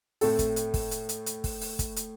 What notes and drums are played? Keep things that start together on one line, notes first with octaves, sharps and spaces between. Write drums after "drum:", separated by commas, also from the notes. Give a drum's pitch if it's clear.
A2 A3 C4 A4, drum: open hi-hat
drum: kick, hi-hat
drum: hi-hat
drum: kick, open hi-hat
drum: hi-hat
drum: hi-hat
drum: hi-hat
drum: kick, open hi-hat
drum: open hi-hat
drum: kick, hi-hat
drum: hi-hat